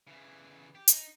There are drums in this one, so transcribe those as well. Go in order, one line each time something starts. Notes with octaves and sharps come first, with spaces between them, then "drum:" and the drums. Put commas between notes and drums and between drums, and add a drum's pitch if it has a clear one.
C#3 E3
G4
D#4, drum: hi-hat